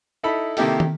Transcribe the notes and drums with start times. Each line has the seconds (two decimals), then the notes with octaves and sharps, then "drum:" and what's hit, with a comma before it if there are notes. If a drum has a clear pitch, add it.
0.23 D#4 E4 A4 B5
0.57 C3 D#3 A#3 E4 G4 A4, drum: open hi-hat
0.80 drum: tom